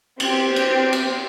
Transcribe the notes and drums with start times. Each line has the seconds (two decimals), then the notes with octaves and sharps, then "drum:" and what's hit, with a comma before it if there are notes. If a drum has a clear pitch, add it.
0.20 C4 G4, drum: cymbal
0.56 drum: cymbal
0.93 drum: cymbal